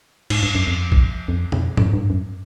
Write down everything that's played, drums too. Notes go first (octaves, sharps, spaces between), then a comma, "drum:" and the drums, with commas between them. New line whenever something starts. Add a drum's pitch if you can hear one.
G#2, drum: cymbal
G2
F#2
F2
drum: kick
F2
F2, drum: tom
F#2, drum: tom G#2
G2
F#2